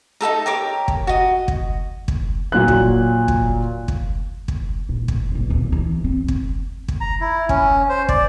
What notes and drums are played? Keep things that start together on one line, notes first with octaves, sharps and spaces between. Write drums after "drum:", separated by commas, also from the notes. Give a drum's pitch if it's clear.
D#4 F#4 A4 A#5
G4 A#4 C#5 D6
drum: kick
F#4 D#5
drum: kick
drum: kick
A#2 F#3 F#6
drum: kick
drum: kick
drum: kick
drum: kick
A#2
drum: kick
B1 G2
D2 A#2
E3
C4
drum: kick
drum: kick
A#5
E4
C#4, drum: kick
C5
D5, drum: kick